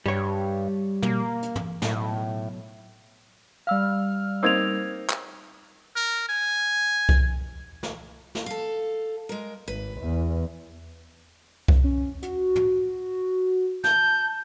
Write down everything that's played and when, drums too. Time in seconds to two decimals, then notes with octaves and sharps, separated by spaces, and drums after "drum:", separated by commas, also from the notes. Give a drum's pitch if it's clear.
0.06 G2 G3 C#5
1.03 A#3, drum: tom
1.42 drum: hi-hat
1.56 drum: tom
1.82 B1 A2, drum: snare
3.67 G3 F5 E6 F6
4.43 A#3 C4 D#4 E6 G#6 F7
5.10 drum: clap
5.96 A#4
6.29 G#5
7.09 drum: kick C2
7.83 drum: snare
8.35 drum: snare
8.46 A4 F5
9.29 G#3 A#4
9.68 G#1 B4
10.00 E2
11.68 drum: kick C2
11.84 C#4
12.22 F#4, drum: hi-hat
12.56 drum: tom
13.84 A5 G6, drum: snare